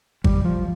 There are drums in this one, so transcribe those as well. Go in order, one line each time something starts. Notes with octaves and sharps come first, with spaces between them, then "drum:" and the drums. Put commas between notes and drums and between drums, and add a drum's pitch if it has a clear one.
G3, drum: kick G#1
F3